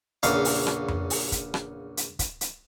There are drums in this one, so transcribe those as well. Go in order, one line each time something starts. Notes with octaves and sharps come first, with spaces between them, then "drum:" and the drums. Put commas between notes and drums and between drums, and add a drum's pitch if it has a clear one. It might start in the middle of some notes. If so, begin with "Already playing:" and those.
A#1 E2 C#3 F5, drum: hi-hat
drum: open hi-hat
drum: rim click
drum: tom F2
drum: open hi-hat
drum: kick, hi-hat
drum: rim click
drum: hi-hat
drum: kick, hi-hat
drum: hi-hat